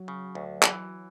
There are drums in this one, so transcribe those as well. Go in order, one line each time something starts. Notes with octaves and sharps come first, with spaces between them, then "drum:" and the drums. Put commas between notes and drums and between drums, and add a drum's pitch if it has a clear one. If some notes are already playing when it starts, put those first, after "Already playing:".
Already playing: F#3
C#3
D2
E3, drum: clap